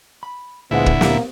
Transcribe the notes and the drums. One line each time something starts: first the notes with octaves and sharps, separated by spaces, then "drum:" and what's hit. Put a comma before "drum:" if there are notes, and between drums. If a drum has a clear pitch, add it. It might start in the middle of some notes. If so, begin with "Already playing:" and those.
B5
D2 A#2 F3 G#3 B3 E4 F#5
drum: kick
A#3, drum: snare